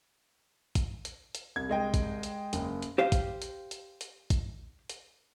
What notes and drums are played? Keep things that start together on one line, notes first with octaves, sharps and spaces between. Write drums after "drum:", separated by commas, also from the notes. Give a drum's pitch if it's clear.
drum: kick, hi-hat
drum: hi-hat
drum: hi-hat
C2 G#6
G#3 D#5 G5
drum: kick, hi-hat
drum: hi-hat
F#1, drum: hi-hat
drum: hi-hat
G4 C5 F5
drum: kick, hi-hat
drum: hi-hat
drum: hi-hat
drum: hi-hat
drum: kick, hi-hat
drum: hi-hat